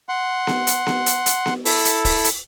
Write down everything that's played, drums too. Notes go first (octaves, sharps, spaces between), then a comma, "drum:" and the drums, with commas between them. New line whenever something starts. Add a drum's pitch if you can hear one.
F#5 C6
drum: snare B3
drum: hi-hat
drum: snare B3
drum: hi-hat
drum: hi-hat
drum: snare B3
E4 A4, drum: open hi-hat
drum: hi-hat
drum: kick, open hi-hat
drum: hi-hat